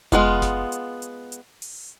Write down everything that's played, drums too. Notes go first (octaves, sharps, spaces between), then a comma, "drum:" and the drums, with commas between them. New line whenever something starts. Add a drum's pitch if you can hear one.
G#3 B3 F4, drum: kick F1, hi-hat
drum: snare F#1
drum: hi-hat
drum: hi-hat
drum: hi-hat
drum: open hi-hat